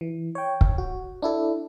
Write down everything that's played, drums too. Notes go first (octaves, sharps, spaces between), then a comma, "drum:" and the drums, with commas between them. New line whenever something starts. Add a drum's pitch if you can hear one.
E3
C#5 G5
drum: kick
F#4
D4 E4 A4